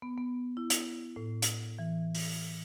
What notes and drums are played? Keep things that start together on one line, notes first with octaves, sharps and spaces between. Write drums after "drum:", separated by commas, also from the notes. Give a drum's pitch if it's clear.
B3
B3
E4
drum: hi-hat
A2
drum: hi-hat
E3
drum: open hi-hat